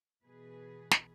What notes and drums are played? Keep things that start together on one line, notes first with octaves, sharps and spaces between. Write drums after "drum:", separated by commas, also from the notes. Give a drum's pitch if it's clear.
B2 E3 G#4 B4
drum: snare